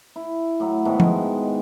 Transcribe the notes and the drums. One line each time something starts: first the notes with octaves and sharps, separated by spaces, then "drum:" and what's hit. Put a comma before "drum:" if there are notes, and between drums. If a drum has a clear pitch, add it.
E4
A2 F#3
G#2 B2 D#3 A3
G#3, drum: tom F3